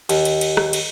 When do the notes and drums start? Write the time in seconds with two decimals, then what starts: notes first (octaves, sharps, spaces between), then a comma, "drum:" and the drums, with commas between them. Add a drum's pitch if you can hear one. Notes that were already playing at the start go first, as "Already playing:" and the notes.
0.09 D#2, drum: cymbal
0.25 drum: cymbal
0.41 drum: cymbal
0.57 drum: rim click
0.73 drum: cymbal